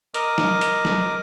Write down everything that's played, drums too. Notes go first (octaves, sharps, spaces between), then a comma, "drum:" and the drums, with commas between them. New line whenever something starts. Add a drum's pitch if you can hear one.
A#4 D#5 D6, drum: hi-hat
drum: snare
drum: hi-hat
drum: snare